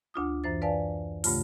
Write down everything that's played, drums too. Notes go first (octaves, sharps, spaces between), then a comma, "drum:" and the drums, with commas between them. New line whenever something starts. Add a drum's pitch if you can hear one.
D2 D4 F4 D#6
F#2 E3 C5 A6
B4 D5 F5 G#5 A5
D2 G2 C#3 A3 F4, drum: open hi-hat